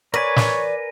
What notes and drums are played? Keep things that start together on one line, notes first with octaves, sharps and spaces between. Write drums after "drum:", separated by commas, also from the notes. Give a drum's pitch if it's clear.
A#4 B4 C#5 D5 G#5
drum: snare